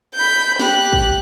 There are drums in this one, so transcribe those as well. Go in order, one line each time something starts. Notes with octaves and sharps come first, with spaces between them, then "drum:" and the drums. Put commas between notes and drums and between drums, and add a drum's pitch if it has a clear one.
B5 G6
G4 F#6, drum: snare
drum: kick